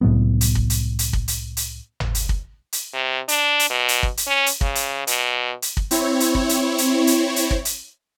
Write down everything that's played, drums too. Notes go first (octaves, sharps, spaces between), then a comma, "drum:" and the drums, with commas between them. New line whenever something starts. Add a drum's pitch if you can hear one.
C2 A2 F#3 B3
drum: hi-hat
drum: kick
drum: hi-hat
drum: hi-hat
drum: kick
drum: hi-hat
drum: hi-hat
drum: tom
drum: hi-hat
drum: kick
drum: hi-hat
C3
D4, drum: hi-hat
drum: hi-hat
B2
drum: hi-hat
drum: kick
drum: hi-hat
C#4
drum: hi-hat
C#3, drum: kick
drum: hi-hat
B2, drum: hi-hat
drum: hi-hat
drum: kick
C4 E4 C#5, drum: hi-hat
drum: hi-hat
drum: kick
drum: hi-hat
drum: hi-hat
drum: hi-hat
drum: hi-hat
drum: kick
drum: hi-hat